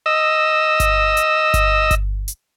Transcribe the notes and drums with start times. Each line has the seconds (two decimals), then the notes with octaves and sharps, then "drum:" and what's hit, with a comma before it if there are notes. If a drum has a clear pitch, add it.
0.06 D#5 E6
0.80 drum: kick G1, hi-hat
1.17 drum: hi-hat
1.54 drum: kick G1, hi-hat
1.91 drum: kick G1, hi-hat
2.28 drum: hi-hat